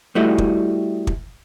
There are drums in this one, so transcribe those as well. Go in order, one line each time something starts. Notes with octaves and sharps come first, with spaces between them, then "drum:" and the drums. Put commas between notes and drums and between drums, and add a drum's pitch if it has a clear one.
G3 A3 E4 F#4 D#5
drum: kick
drum: kick